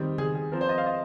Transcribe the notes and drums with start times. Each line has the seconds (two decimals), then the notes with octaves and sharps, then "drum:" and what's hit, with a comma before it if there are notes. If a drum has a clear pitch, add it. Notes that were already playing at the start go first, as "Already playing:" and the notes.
Already playing: D#3 G3 C4
0.18 G#4, drum: tom C3
0.35 G#4
0.52 F3 C4 A#4
0.61 C5
0.69 D#5
0.78 F5
0.86 D#5